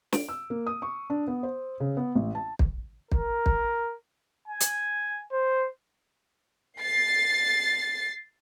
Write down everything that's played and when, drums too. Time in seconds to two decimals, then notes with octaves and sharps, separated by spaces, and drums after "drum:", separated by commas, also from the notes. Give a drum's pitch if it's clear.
0.13 D7, drum: snare
0.29 E6
0.50 A#3
0.67 D#6
0.82 C#6
1.10 D4
1.28 B3
1.43 C5
1.80 C#3
1.97 B3
2.15 A1
2.35 A5
2.59 drum: kick
3.12 A#4, drum: kick
3.46 drum: kick
4.48 G#5
4.60 drum: hi-hat
5.33 C5
6.80 A6 C7